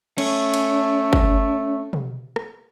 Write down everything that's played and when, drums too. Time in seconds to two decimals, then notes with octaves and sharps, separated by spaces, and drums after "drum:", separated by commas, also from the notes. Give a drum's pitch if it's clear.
0.18 A3 C#4, drum: cymbal
0.54 drum: cymbal
1.13 drum: kick
1.93 drum: tom
2.36 drum: rim click